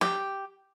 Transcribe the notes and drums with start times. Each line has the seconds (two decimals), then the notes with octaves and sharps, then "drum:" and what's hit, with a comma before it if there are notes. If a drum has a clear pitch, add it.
0.01 G4, drum: snare